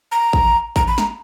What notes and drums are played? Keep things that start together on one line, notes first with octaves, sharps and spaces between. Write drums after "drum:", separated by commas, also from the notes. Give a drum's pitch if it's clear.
A#5
drum: kick A1
A#5, drum: kick A1
B5
A#5, drum: snare